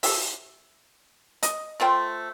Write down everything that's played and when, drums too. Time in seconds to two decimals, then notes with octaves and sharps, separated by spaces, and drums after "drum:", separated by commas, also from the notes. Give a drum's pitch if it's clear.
0.03 E5, drum: open hi-hat
1.43 D#5, drum: hi-hat
1.80 A3 F4 C5 G5